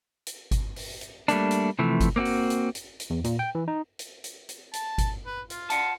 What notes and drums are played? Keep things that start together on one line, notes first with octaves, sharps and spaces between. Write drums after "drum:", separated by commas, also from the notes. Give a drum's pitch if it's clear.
drum: hi-hat
drum: kick G1, hi-hat
drum: open hi-hat
drum: hi-hat
G3 A3 A#3 D4, drum: hi-hat
drum: hi-hat
C3 E3 F3 A3
drum: kick G1, hi-hat
A#3 C4 F4 F#4
drum: open hi-hat
drum: hi-hat
drum: hi-hat
drum: hi-hat
E2
A#2, drum: hi-hat
G5
E3
D#4
drum: hi-hat
drum: hi-hat
drum: hi-hat
A5, drum: hi-hat
drum: kick G1, hi-hat
B4
F4, drum: hi-hat
F#5 A5, drum: hi-hat